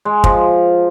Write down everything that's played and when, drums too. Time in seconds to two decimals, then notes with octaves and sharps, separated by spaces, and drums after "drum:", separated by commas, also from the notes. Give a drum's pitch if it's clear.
0.05 G#3
0.24 F3, drum: kick